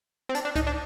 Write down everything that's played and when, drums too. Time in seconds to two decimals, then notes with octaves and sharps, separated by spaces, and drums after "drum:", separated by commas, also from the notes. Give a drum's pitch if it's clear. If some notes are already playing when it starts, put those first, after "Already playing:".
0.29 C4
0.35 D4, drum: hi-hat
0.45 D4
0.55 D#4, drum: kick C2, hi-hat
0.67 D4